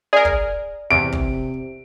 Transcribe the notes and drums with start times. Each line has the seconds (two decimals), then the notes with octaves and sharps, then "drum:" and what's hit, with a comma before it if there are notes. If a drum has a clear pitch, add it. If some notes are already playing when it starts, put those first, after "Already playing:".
0.13 G#4 A#4 D5
0.25 drum: kick
0.91 E2 C3 D7
1.12 drum: kick